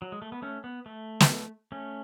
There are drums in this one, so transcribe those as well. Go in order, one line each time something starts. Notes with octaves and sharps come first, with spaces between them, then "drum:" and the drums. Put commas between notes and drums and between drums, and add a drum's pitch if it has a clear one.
F#3
G#3
A3
B3
A3 C#4
B3
A3
drum: snare
A3 C#4